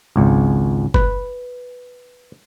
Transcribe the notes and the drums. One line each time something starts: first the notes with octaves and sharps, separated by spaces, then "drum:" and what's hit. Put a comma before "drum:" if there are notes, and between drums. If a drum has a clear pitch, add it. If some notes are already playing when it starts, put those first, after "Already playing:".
G#1 C#2
B4, drum: kick F#1